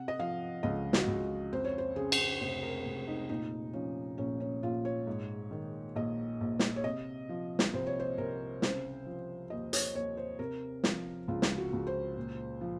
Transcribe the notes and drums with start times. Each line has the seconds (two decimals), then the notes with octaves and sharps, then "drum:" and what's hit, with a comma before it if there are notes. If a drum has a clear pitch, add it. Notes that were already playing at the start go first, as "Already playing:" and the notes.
Already playing: C3 F#5
0.08 D#5
0.19 F3 F5
0.63 C#2 D#5
0.93 F#4, drum: snare
1.07 C#2
1.52 F2 C5
1.64 C#5
1.78 C5
1.96 C#3 G#4
2.12 drum: cymbal
2.41 F1 C5
2.63 A#4
2.85 F1
3.07 D#4
3.29 A#2 D#4
3.73 F3 C#4
4.18 A#1 C#4
4.40 C#4
4.63 A#1 F4
4.85 C#5
5.07 G#2
5.51 D#3
5.96 A#1 D#5
6.41 A#1
6.59 drum: snare
6.76 C#5
6.84 C3 D#5
7.29 F3
7.59 drum: snare
7.73 C2 C5
7.87 C#5
8.00 C5
8.18 C2 A#4
8.62 C#3 C5, drum: snare
9.06 F3
9.50 D#2 D#5
9.73 C#5, drum: hi-hat
9.95 D#2 C#5
10.17 C5
10.39 C3 A#4
10.84 F3, drum: snare
11.28 C#2 F4
11.42 drum: snare
11.58 F#4
11.73 C#2
11.87 C5
12.16 A#2
12.61 F3